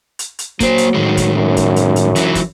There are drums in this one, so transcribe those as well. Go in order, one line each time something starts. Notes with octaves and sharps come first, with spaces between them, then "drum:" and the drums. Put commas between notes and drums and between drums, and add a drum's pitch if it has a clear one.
drum: hi-hat
drum: hi-hat
F#3 A#3 C5, drum: kick, hi-hat
drum: hi-hat
A2 D#3 G#3
drum: kick, hi-hat
F#2
drum: kick, hi-hat
drum: hi-hat
drum: hi-hat
E3 F#3 E4, drum: hi-hat
drum: kick, hi-hat